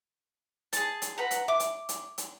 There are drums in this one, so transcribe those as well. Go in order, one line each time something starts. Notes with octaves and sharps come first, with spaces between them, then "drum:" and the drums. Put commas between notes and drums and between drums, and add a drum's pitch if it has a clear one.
G#4 A5, drum: hi-hat
drum: hi-hat
B4 F#5 A#5
drum: hi-hat
E5 D6
drum: hi-hat
drum: hi-hat
drum: hi-hat